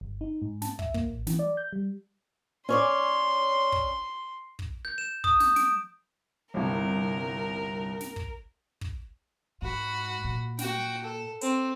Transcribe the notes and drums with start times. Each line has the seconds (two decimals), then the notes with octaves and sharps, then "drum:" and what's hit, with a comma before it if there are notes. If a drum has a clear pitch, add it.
0.01 G1
0.21 D#4
0.42 G#2
0.62 A5, drum: snare
0.79 E5, drum: kick
0.94 A#3, drum: kick
1.10 A1
1.27 E3, drum: snare
1.39 D5
1.57 G6
1.73 G3
2.69 C#4 C#5 D5 C6
3.72 drum: kick
4.59 drum: kick
4.85 G6
4.98 E7
5.24 D#6, drum: kick
5.40 G6, drum: snare
5.56 D7, drum: snare
6.54 G1 C2 A#4
8.01 drum: snare
8.16 drum: kick
8.81 drum: kick
9.62 G#2 F#4 B5
10.25 A#2
10.59 F#4 G5, drum: snare
11.04 A4
11.41 C4, drum: hi-hat